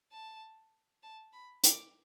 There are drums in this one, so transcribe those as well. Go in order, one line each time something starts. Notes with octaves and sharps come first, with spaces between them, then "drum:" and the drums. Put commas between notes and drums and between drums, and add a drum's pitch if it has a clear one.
A5
A5
B5
D6, drum: hi-hat